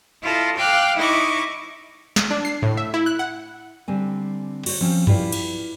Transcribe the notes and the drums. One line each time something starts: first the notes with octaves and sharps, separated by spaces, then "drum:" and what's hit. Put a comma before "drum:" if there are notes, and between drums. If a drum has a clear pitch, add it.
E4 F4 A4 D#5
F5 G5 D6 F#6
D#4 E4 D#5 C#6 D6
drum: snare
D4
C7
A2
E5
E4
F#6
F#5
D3 G3 C4 G#5
F#4 C5 C#5, drum: cymbal
F3 C4 C#4
E4 F4 G4 B4 D5 F5, drum: tom F#2
drum: cymbal